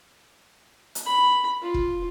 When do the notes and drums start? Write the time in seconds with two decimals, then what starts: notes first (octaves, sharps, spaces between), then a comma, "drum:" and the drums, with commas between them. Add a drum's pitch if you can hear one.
0.95 drum: hi-hat
1.06 B5
1.62 F4
1.74 drum: kick